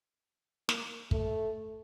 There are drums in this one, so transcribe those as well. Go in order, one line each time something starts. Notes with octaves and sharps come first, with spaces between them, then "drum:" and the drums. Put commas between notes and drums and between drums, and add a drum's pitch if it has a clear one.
A#3, drum: snare
A3, drum: kick